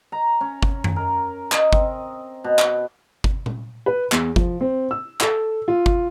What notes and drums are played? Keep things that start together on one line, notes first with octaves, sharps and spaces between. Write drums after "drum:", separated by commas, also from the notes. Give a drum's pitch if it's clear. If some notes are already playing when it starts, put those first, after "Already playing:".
A#5
C#4
drum: kick G1
drum: tom F#2
A#4
D#5, drum: clap
C4, drum: kick G1
B2
drum: clap
drum: kick G1
drum: tom A#2
B4
E2, drum: clap
F3, drum: kick G1
C4
E6
A4, drum: clap
F4
drum: kick G1